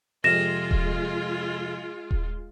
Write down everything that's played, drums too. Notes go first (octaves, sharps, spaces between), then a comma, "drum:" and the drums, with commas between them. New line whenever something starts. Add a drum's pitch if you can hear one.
F2 C3 G#3 F4 A#6 E7
drum: kick D#1
drum: kick D#1